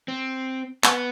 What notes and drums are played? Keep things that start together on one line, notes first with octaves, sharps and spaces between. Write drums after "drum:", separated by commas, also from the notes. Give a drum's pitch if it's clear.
C4
B3, drum: clap